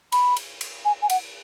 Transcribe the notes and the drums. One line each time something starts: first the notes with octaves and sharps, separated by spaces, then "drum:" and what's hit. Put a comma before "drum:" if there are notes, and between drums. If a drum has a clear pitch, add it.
B5, drum: cymbal
drum: cymbal
drum: cymbal
G#5
G#5
F#5, drum: cymbal